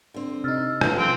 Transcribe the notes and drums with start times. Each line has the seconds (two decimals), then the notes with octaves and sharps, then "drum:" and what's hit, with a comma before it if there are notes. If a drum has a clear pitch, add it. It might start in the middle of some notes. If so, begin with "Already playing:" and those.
0.14 D3 C4
0.44 C3 D#4 E6 F6 A6
0.81 A3 C#4 F4 G#4 B4, drum: rim click
0.98 F3 C4 G5